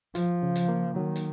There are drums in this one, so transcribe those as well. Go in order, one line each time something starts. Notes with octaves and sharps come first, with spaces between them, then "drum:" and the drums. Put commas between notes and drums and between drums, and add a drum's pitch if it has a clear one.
F3 F4, drum: hi-hat
C#3
drum: hi-hat
A#3
D#3 F#3
drum: hi-hat